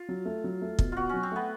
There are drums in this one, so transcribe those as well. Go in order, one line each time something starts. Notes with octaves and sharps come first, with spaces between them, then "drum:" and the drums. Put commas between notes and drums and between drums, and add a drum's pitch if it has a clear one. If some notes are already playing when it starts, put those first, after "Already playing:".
Already playing: F4
F#3
A3
F#3
A3
B2, drum: kick
B2 F4 F#4
F#3 C#4
C4
A3 B3